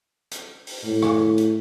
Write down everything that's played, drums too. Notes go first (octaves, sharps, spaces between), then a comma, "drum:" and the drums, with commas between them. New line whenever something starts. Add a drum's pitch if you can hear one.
drum: hi-hat
drum: open hi-hat
A2
drum: rim click
drum: hi-hat